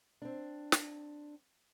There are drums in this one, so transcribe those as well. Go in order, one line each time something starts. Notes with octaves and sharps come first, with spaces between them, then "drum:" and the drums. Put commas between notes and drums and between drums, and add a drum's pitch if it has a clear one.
C4 D4
drum: snare